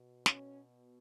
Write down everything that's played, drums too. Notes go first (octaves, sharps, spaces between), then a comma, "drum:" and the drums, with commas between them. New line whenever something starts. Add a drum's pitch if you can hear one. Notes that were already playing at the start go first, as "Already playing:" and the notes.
Already playing: B2
C#4, drum: snare